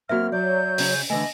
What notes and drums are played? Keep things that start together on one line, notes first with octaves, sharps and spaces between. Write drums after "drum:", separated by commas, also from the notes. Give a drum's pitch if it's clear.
F#3 A#3 C4 F#4 E5 F6
F#3 D5 G6
C#3 C#4 G#4, drum: open hi-hat
D3 E3 A3 D#5 G#5